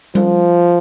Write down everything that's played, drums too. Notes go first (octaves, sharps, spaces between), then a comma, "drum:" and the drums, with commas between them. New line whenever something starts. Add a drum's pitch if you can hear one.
F3, drum: tom G3